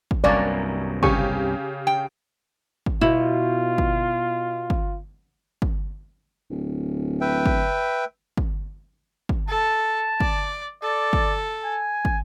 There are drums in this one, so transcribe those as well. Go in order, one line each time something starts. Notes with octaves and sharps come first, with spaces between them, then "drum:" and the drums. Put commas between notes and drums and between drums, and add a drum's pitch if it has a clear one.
drum: kick
C2 G2 F#3 A#3 C#4 D5
C#3 G4 G#5 C#6, drum: kick
G5
drum: kick
B2 E4 F4
drum: kick
drum: kick
drum: kick
D1
B4 E5 G5
drum: kick
drum: kick
drum: kick
A4 A5
D5, drum: kick
A4 D5
drum: kick
G#5
drum: kick